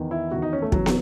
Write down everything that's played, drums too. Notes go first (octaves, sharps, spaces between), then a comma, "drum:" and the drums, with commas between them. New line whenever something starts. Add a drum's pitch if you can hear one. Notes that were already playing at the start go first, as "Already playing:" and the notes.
Already playing: E2 D#3
E4
E2 D#3 F#4
D#4
C#4
A3
E2 C#3 E3 F#3, drum: kick
drum: snare